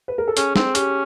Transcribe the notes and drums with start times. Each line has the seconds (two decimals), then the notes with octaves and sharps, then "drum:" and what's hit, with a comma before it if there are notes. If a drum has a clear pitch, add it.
0.08 B4
0.18 A#4
0.28 A4
0.37 C#4 G#4, drum: hi-hat
0.56 C4, drum: snare
0.75 C#4 G4, drum: hi-hat